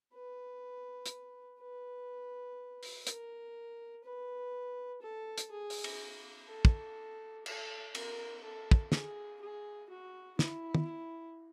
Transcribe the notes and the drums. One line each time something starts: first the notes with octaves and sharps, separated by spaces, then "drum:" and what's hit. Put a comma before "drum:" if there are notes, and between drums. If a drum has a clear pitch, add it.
B4
drum: hi-hat
B4
drum: open hi-hat
A#4, drum: hi-hat
B4
A4
drum: hi-hat
G#4
drum: open hi-hat
drum: cymbal
A4
drum: kick
A4, drum: cymbal
A#4, drum: cymbal
A4
drum: kick
G#4, drum: snare
G#4
F#4
E4, drum: snare
drum: tom